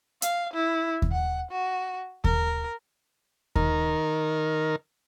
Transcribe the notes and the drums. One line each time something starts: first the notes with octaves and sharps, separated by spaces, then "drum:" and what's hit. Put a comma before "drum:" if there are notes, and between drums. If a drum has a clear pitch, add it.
F5, drum: hi-hat
E4
drum: kick D#2
F#5
F#4
A#4, drum: kick D#2
D#3 A#4, drum: kick D#2